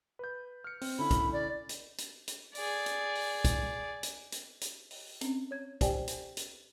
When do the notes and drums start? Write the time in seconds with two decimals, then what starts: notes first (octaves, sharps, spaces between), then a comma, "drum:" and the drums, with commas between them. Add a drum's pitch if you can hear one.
0.19 B4 G6
0.64 F6 C#7
0.81 C4, drum: open hi-hat
0.99 D3 C#4 E4 B5
1.11 drum: kick, hi-hat
1.33 D5
1.69 drum: hi-hat
1.98 drum: hi-hat
2.28 drum: hi-hat
2.55 G#4 D5, drum: open hi-hat
2.86 drum: hi-hat
3.15 drum: open hi-hat
3.45 drum: kick, hi-hat
4.03 drum: hi-hat
4.32 drum: hi-hat
4.61 drum: hi-hat
4.91 drum: open hi-hat
5.21 C4 C#4, drum: hi-hat
5.51 C#5 G#6
5.81 G4 C5 D5 G5 G#5, drum: kick, hi-hat
6.08 drum: hi-hat
6.37 drum: hi-hat